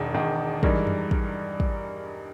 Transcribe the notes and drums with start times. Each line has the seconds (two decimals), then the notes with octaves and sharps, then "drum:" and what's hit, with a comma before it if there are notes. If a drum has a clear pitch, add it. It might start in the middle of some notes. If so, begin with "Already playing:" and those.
Already playing: E1 E2 D#3
0.13 E1 E2 D#3
0.63 G2 E3 G#3 D#4 A#4, drum: kick
0.87 drum: tom F2
1.11 drum: kick
1.60 drum: kick